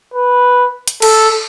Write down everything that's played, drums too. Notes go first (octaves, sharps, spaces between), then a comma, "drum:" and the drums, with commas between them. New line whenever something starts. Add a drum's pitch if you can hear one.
B4
drum: hi-hat
A4, drum: cymbal